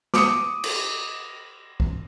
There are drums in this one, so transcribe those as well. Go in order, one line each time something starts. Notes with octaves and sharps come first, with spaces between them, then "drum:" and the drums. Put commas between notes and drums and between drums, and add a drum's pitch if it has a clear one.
D6 D#6 C#7, drum: snare
drum: cymbal
drum: kick C2